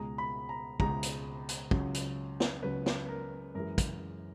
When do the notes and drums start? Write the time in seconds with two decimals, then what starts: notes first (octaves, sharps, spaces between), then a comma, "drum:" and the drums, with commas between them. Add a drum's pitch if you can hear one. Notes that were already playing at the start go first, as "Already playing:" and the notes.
Already playing: C#2 B2 G#3 A#5
0.18 B5
0.49 A#5
0.80 C#2 B2 G#3 A#5, drum: kick
1.03 drum: hi-hat
1.49 drum: hi-hat
1.71 C#2 C#3 F#3, drum: kick
1.94 drum: hi-hat
2.40 drum: snare
2.63 C#2 C#3 F#3 B4
2.86 drum: snare
3.09 A#4
3.54 F#2 E3 G#3 A#4
3.78 drum: kick, hi-hat